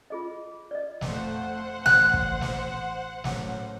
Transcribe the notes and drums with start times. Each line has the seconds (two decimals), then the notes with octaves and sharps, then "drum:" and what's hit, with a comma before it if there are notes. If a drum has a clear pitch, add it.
0.10 F4 G#4 D#5
0.71 D5 D#5
1.01 F2 A3 C5 F#5, drum: snare
1.86 A1 F#6, drum: snare
2.14 drum: kick
2.41 drum: snare
3.24 F#2 A2, drum: snare